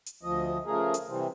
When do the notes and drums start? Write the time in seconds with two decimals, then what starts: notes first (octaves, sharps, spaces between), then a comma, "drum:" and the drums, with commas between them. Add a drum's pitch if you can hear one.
0.06 drum: hi-hat
0.23 D2 F3 D#5
0.66 C#3 F3 A3 G#4 A#4
0.94 drum: hi-hat
1.08 C3 E3 G3 C4